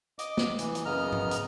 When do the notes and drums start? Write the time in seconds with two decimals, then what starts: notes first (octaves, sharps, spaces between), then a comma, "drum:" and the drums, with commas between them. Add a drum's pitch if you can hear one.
0.19 D#5 D6, drum: hi-hat
0.37 drum: snare
0.59 E3, drum: hi-hat
0.75 drum: hi-hat
0.86 F#2 C#3 B3 D#5 A#5 F6
1.12 drum: tom G#2
1.31 drum: hi-hat